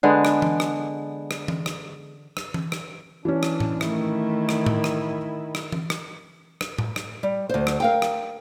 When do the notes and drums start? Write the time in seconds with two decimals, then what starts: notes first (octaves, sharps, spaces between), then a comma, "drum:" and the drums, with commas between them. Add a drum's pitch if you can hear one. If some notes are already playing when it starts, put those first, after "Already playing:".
0.03 D3 G#3 B3
0.25 drum: rim click
0.42 drum: tom E3
0.60 drum: rim click
1.31 drum: rim click
1.48 drum: tom E3
1.66 drum: rim click
2.37 drum: rim click
2.54 drum: tom E3
2.72 drum: rim click
3.25 E3 C#4 D4
3.43 drum: rim click
3.60 drum: tom A2
3.81 D#3 A3 E4, drum: rim click
4.49 drum: rim click
4.66 drum: tom A2
4.84 drum: rim click
5.55 drum: rim click
5.72 drum: tom E3
5.90 drum: rim click
6.61 drum: rim click
6.78 drum: tom A2
6.96 drum: rim click
7.23 G3
7.49 D2 C5
7.67 drum: rim click
7.80 A#4 F5 G5
8.02 drum: rim click